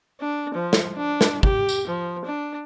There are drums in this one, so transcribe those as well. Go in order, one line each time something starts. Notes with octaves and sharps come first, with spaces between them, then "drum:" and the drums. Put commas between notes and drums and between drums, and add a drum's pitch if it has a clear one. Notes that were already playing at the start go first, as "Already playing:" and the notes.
D4
F3
drum: snare
D4
drum: snare
G4, drum: kick
drum: tambourine
F3
D4